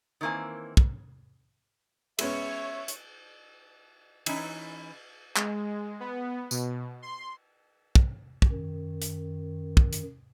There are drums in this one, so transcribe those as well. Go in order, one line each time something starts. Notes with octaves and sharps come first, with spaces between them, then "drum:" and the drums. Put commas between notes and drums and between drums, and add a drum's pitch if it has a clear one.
D#3 E3 A#3 C4 G#5
drum: kick
G#3 B3 C#4 C#5 E5, drum: cymbal
drum: hi-hat
E3 C#4 D#4 E4, drum: cymbal
G#3, drum: clap
B3
B2, drum: tambourine
C6
drum: kick
drum: kick
F#2 D#3
drum: hi-hat
drum: kick
drum: hi-hat